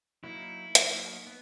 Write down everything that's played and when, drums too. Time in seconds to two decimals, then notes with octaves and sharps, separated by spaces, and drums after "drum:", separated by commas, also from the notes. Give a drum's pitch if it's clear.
0.24 F#3 A#3 D#4 E4
0.75 F#3 A#3 D#4, drum: hi-hat
1.27 B3